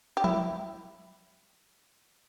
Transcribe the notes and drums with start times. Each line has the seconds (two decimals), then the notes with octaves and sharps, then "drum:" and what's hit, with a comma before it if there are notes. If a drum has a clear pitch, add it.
0.17 G4
0.24 E4, drum: tom